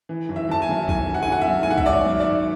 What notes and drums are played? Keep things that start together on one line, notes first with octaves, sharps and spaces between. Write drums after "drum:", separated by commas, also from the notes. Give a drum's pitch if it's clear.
E3
F#1
E5
F#1 A5
G#5
F#2
F#1 G#5, drum: kick B1
F#1
F#5
G#5
F#1 F#5
E5
F#2
G#5
G#1 F#5
E5, drum: kick B1
G#1 D5
C#5
F#2
D5
G#1